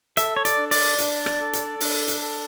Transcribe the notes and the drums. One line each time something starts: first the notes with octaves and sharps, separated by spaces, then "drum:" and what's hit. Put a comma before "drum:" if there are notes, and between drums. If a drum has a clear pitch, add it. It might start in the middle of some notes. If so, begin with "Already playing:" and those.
A4 E5, drum: hi-hat
C#5
D5, drum: hi-hat
D4
D5, drum: open hi-hat
D4, drum: hi-hat
drum: rim click
A4
drum: hi-hat
D4, drum: open hi-hat
drum: hi-hat
A4